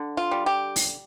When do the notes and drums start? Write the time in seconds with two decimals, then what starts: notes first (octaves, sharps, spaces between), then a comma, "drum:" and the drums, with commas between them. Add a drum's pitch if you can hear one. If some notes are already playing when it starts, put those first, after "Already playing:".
Already playing: D3
0.17 F4
0.31 G3
0.46 G4
0.76 drum: open hi-hat